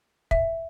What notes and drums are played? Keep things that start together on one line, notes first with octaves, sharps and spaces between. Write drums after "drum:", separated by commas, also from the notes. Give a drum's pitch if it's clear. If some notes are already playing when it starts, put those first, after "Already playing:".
E5, drum: kick